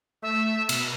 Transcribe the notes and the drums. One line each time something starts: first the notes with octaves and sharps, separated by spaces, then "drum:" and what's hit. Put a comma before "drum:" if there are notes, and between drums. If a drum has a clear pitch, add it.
A3 E5
B2, drum: cymbal